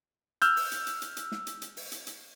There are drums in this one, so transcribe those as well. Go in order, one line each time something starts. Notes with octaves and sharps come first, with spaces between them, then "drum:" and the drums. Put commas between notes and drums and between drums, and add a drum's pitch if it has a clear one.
E6 F6 G6, drum: hi-hat
drum: open hi-hat
drum: hi-hat
drum: hi-hat
drum: hi-hat
drum: hi-hat
drum: snare
drum: hi-hat
drum: hi-hat
drum: open hi-hat
drum: hi-hat
drum: hi-hat